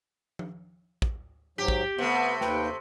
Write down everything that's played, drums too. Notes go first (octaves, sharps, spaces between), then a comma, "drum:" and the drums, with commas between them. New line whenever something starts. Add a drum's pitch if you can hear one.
drum: tom F3
drum: kick
G#2 F#3 G4
drum: kick
C3 A3 B3
D#2 B4 G5, drum: snare